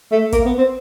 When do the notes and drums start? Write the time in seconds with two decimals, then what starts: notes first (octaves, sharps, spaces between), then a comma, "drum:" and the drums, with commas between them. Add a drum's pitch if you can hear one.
0.12 A3
0.32 A#3, drum: kick, hi-hat
0.45 B3
0.58 C4